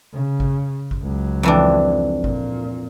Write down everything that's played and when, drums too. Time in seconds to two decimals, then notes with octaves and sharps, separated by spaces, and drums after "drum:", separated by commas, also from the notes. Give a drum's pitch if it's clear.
0.14 C#3
0.40 drum: kick G#1
0.91 drum: kick G#1
1.02 C#2 F#3
1.43 F2 E3 D4
2.24 A#2, drum: kick G#1